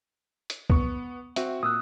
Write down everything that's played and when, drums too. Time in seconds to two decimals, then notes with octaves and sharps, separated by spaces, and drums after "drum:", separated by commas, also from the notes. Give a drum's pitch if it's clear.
0.50 drum: hi-hat
0.70 B3 C#6, drum: kick C2
1.36 C4 F#4 E5, drum: hi-hat
1.63 A#2 D#6 E6 F#6